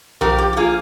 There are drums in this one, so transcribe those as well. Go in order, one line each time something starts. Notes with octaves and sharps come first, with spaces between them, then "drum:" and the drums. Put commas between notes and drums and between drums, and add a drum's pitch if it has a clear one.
F3 G4 A#4, drum: tom B1
G4
G4
A#3 F4 G#4